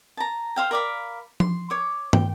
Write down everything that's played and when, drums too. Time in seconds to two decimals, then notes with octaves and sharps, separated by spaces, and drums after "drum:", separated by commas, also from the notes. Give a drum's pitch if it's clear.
0.17 A5 A#5
0.56 C5 F5 G5
0.71 A#4 D5 F5 B5
1.40 C6, drum: tom F3
1.70 C#5 D6
2.13 G5, drum: tom